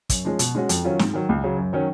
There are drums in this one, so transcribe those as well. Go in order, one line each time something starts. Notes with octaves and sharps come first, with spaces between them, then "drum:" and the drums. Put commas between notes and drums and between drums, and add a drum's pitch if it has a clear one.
F#2, drum: kick, hi-hat
F3 G#3 C#4
B2, drum: hi-hat
G#3 C#4 F#4
F2, drum: hi-hat
D#3 F#3 C#4 F4
G#2, drum: snare
D#3 F#3
C#2
C#3 F#3
F#2
D#3 F#3 C#4